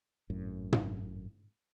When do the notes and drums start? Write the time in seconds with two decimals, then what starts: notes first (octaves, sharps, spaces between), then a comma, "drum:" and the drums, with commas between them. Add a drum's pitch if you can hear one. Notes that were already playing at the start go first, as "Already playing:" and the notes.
0.30 G#1 F#2 A2
0.72 drum: tom